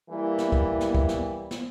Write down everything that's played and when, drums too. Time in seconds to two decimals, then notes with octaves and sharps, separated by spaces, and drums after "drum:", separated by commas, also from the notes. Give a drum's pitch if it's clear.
0.10 E3 G3 A#3 E4
0.38 drum: snare
0.52 drum: kick
0.80 drum: snare
0.95 drum: kick
1.09 drum: snare
1.51 drum: snare